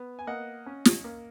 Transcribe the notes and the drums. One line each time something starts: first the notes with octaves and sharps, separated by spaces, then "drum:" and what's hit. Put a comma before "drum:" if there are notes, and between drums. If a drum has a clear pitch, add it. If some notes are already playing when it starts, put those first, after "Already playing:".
Already playing: B3
G#5
A#3 D#5 F#5
C#4
drum: snare
A#3